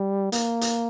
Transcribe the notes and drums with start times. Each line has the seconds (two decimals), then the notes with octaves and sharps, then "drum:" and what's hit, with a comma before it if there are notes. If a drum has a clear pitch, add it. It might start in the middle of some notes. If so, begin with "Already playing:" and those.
Already playing: G3
0.32 A#3, drum: hi-hat
0.61 drum: hi-hat